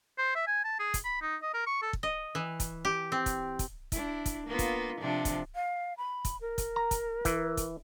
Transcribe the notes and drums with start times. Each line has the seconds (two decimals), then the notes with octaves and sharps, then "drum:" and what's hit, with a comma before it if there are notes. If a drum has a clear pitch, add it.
0.18 C5
0.35 E5
0.47 G#5
0.64 A5
0.79 G#4
0.94 drum: kick, hi-hat
1.04 B5
1.22 D#4
1.42 D#5
1.54 A#4
1.66 C#6
1.82 A4
1.93 drum: kick
2.03 D#5
2.35 E3
2.60 drum: kick, hi-hat
2.85 G4
3.12 C4
3.26 drum: kick, hi-hat
3.59 drum: kick, hi-hat
3.92 D4 E4, drum: kick, hi-hat
4.26 drum: kick, hi-hat
4.47 A#3 B3 F4
4.59 drum: kick, hi-hat
5.01 C3 F3 D4
5.25 drum: kick, hi-hat
5.55 F5
5.98 B5
6.25 drum: kick, hi-hat
6.41 A#4
6.58 drum: kick, hi-hat
6.76 A#5
6.91 drum: kick, hi-hat
7.25 E3, drum: kick, hi-hat
7.57 drum: kick, hi-hat